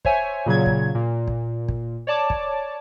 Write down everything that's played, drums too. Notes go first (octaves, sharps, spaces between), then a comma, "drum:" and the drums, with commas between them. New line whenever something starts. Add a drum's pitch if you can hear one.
C5 C#5 E5 G#5, drum: kick
A#2 C#3 F#3 G#6
drum: kick
A#2
drum: kick
drum: kick
C#5 D5 A5 D6
drum: kick